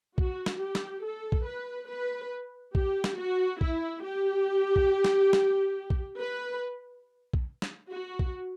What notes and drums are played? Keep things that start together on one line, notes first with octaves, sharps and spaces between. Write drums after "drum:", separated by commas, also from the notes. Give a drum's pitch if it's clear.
F#4, drum: kick
drum: snare
G4
drum: snare
A4
drum: kick
B4
B4
G4, drum: kick
drum: snare
F#4
E4, drum: kick
G4
drum: kick
drum: snare
drum: snare
drum: kick
B4
drum: kick
drum: snare
F#4
drum: kick